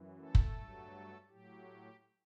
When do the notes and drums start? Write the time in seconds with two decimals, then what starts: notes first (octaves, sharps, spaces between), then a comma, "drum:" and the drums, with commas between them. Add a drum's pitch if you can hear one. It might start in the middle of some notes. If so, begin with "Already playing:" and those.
Already playing: F#2 E3
0.17 A3 A4
0.35 drum: kick
0.55 G2 F#3
1.29 A2 F#3 G4